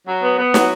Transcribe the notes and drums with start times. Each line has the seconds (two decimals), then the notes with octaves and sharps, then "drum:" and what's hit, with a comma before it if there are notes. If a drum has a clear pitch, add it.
0.07 F#3
0.23 B3
0.38 B3
0.54 F#3, drum: snare